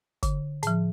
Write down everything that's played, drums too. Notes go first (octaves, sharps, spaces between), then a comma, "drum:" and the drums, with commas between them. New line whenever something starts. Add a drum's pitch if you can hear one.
D3, drum: kick, hi-hat
A2 F3, drum: hi-hat